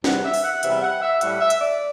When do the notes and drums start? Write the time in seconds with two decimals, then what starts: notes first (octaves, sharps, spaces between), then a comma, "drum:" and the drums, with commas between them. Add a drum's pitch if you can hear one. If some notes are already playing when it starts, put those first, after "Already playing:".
0.04 E2 C3 G3 F#5, drum: snare
0.24 E5
0.34 drum: open hi-hat
0.43 F#5
0.63 E2 C3 G3 E5, drum: hi-hat
0.82 F#5
1.01 E5
1.21 A2 G3 F#5, drum: hi-hat
1.40 E5
1.50 drum: hi-hat
1.59 D5